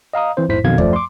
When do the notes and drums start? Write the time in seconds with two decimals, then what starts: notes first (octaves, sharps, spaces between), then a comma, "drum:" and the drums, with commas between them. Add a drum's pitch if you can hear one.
0.13 D#5 F5 A#5 D#6
0.37 E3 C4 C5
0.48 A#1 E2 G#2 E4 C5 B6
0.64 B1 F2 B2 D#3 F5 G#6
0.78 F#2 F3 A3 D5, drum: kick D#2
0.93 C6 D6